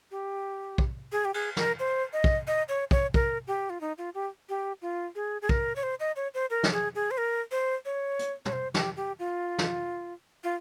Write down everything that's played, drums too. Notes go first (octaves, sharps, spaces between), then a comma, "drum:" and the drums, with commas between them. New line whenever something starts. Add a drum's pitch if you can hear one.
G4
drum: kick
G#4
G4
G#4, drum: cymbal
A#4, drum: snare
C5
D#5
drum: kick
D#5
C#5
C#5, drum: kick
A#4, drum: kick
G4
F4
D#4
F4
G4
G4
F4
G#4
G#4
A#4, drum: kick
C#5
C5
D#5
C#5
C5
A#4
drum: snare
G#4
G#4
C5
A#4
C5
C#5
drum: hi-hat
C#5, drum: tom
C5
G4, drum: snare
G4
F4
drum: snare
F4